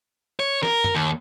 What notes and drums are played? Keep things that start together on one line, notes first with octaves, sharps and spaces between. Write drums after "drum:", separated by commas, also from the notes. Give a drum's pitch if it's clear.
C#5
A#4, drum: snare
drum: tom F#2
D#2